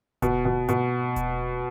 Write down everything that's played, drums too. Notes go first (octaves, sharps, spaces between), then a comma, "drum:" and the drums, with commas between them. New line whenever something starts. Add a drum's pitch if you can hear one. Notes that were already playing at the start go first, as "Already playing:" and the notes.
B2, drum: kick D#1, hi-hat
B2
B2, drum: hi-hat
drum: kick D#1, hi-hat